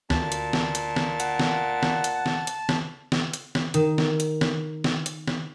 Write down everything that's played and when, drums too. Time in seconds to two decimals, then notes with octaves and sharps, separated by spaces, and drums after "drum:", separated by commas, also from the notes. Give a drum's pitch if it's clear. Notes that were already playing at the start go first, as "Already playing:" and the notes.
0.10 D2 A#2 A5, drum: snare
0.32 drum: hi-hat
0.53 drum: snare
0.75 drum: hi-hat
0.96 drum: snare
1.20 F#5, drum: hi-hat
1.40 drum: snare
1.83 drum: snare
2.04 drum: hi-hat
2.26 drum: snare
2.47 drum: hi-hat
2.69 drum: snare
3.12 drum: snare
3.33 drum: hi-hat
3.55 drum: snare
3.74 D#3 D#4 E7, drum: hi-hat
3.98 drum: snare
4.20 drum: hi-hat
4.41 drum: snare
4.84 drum: snare
5.06 drum: hi-hat
5.27 drum: snare